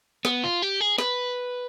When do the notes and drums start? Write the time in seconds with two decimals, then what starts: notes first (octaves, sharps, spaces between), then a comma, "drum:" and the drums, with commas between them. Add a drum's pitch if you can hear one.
0.25 B3, drum: snare
0.44 F4
0.62 G4
0.81 G#4
0.98 B4, drum: snare